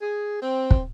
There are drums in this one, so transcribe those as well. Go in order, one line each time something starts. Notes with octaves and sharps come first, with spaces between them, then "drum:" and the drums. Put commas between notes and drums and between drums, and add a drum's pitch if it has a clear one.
G#4
C4
drum: kick